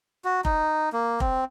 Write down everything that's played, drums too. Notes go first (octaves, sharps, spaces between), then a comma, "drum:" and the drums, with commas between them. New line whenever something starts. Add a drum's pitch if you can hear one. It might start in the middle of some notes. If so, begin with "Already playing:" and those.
F#4
D#4, drum: kick F1
A#3
C4, drum: kick F1